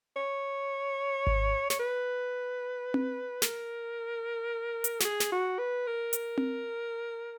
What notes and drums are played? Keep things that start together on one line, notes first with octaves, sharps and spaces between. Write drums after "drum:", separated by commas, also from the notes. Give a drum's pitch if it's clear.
C#5
drum: kick G#1
C#5, drum: snare
B4
drum: tom C4
A#4, drum: snare
drum: hi-hat
F#4, drum: snare
G#4
drum: snare
F#4
B4
A#4
drum: hi-hat
drum: tom C4